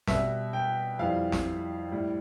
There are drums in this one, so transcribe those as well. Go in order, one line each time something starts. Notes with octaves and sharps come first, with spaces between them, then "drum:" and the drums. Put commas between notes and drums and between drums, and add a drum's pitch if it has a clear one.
B2 G3 E5, drum: snare
G5
F2 E3 G3 F5
drum: snare
A2 G3